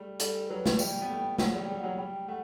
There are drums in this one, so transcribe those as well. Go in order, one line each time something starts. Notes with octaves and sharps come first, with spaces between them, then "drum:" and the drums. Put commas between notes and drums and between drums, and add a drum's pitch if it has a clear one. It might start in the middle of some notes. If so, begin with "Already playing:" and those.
Already playing: G3 A3
G3 A4, drum: hi-hat
F#3 B4
drum: snare
G3 G5, drum: tambourine
B3
A3
F#3 F#5, drum: snare
G3
G5
G3
F#5
F#3
G3 G5
A3 F#5